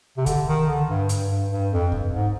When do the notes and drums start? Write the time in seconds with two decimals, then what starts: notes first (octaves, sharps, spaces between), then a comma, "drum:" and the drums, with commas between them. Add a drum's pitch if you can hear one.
0.17 C3
0.26 D3, drum: kick C2, hi-hat
0.47 D#3
0.68 D3
0.88 G2
1.09 G2, drum: hi-hat
1.30 G2
1.51 G2
1.72 F2
1.92 G2, drum: kick C2
2.13 G#2